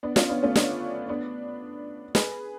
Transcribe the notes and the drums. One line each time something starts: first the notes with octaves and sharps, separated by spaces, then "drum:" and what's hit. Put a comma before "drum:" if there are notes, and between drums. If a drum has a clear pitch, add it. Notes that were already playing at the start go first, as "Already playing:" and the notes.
B3 D4
C#4 F4, drum: snare
B3 D4
A3 C#4
B3 D4, drum: snare
B3 D4
G#4 B4, drum: snare